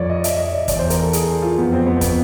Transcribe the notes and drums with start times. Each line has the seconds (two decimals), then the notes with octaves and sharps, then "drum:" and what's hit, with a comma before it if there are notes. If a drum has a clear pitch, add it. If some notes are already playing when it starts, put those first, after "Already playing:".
Already playing: F2 C#5 D5
0.10 D#5
0.24 E5, drum: hi-hat
0.39 D#5
0.53 D5
0.68 E2 D5, drum: kick, hi-hat
0.79 C5
0.90 A#4, drum: hi-hat
1.02 A4
1.13 G#4, drum: hi-hat
1.42 F4
1.57 F2 B3
1.72 C4
1.86 B3
2.01 B3, drum: kick, hi-hat